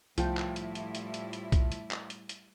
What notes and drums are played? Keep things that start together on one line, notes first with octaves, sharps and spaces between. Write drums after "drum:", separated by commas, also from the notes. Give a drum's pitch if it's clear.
C2 A2 F3 G3 E4 G5, drum: hi-hat
drum: clap
drum: hi-hat
drum: hi-hat
drum: hi-hat
drum: hi-hat
drum: hi-hat
drum: kick B1, hi-hat
drum: hi-hat
drum: clap
drum: hi-hat
drum: hi-hat